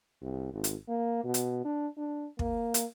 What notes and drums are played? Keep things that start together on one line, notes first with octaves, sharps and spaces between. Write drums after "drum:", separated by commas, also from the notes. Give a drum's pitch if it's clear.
C2
G#1
drum: hi-hat
A#3
B2
drum: hi-hat
D4
D4
A#3, drum: kick
drum: hi-hat